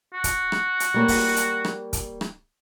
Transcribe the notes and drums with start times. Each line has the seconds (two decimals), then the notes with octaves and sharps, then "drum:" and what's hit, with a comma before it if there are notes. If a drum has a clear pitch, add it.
0.14 F#4
0.24 drum: kick, hi-hat
0.52 drum: rim click
0.80 drum: hi-hat
0.94 G3 A#3 C#5
1.08 drum: kick, open hi-hat
1.36 drum: hi-hat
1.65 drum: rim click
1.93 drum: kick, hi-hat
2.21 drum: rim click